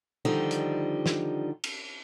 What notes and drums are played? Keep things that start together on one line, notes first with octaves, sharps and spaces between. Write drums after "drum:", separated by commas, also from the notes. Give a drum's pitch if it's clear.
D3 D#3 F3 G3 D#4
drum: hi-hat
drum: snare
drum: cymbal